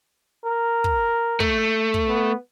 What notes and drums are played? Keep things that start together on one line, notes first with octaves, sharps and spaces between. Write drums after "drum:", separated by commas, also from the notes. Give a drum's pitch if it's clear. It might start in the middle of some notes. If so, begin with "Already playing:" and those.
A#4
drum: kick
A3, drum: kick
drum: kick
B3